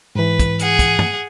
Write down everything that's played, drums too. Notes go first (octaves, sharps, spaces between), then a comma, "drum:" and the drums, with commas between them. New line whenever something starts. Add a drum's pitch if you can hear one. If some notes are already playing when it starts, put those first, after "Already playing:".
G#2 E3 B4
drum: kick, hi-hat
G#4 F#5, drum: hi-hat
drum: kick, hi-hat
drum: tom